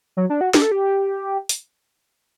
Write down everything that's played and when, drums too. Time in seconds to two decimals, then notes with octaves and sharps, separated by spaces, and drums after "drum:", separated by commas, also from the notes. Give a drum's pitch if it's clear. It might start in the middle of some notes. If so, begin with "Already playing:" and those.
0.17 F#3
0.30 D4
0.41 F#4
0.54 G4, drum: snare
0.62 A4
0.71 G4
1.49 drum: open hi-hat